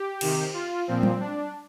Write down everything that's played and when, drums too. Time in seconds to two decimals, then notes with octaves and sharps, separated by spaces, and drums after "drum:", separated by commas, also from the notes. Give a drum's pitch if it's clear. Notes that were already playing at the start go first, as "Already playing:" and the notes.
Already playing: G4
0.21 C3 D#3, drum: cymbal
0.54 F4
0.87 A#2 F3 C4
1.03 drum: tom F#3
1.20 D4